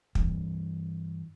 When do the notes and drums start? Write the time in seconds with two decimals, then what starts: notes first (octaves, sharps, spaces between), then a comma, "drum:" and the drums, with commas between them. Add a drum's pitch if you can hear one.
0.15 G2 E3, drum: kick